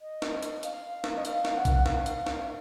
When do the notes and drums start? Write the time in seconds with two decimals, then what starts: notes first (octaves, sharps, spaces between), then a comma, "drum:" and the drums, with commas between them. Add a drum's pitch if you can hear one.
0.02 D#5
0.22 drum: snare
0.43 drum: hi-hat
0.63 F5, drum: hi-hat
1.04 drum: snare
1.16 D#5
1.25 F5, drum: hi-hat
1.45 drum: snare
1.56 F#5
1.65 drum: kick B1, hi-hat
1.74 F#5
1.86 F5, drum: snare
2.06 drum: hi-hat
2.26 drum: snare